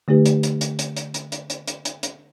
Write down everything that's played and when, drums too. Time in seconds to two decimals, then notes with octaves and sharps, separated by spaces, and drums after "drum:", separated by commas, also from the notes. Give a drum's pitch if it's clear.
0.08 D3 A3 D#4 G4 B4
0.26 drum: hi-hat
0.43 drum: hi-hat
0.61 drum: hi-hat
0.79 drum: hi-hat
0.97 drum: hi-hat
1.14 drum: hi-hat
1.32 drum: hi-hat
1.50 drum: hi-hat
1.68 drum: hi-hat
1.85 drum: hi-hat
2.03 drum: hi-hat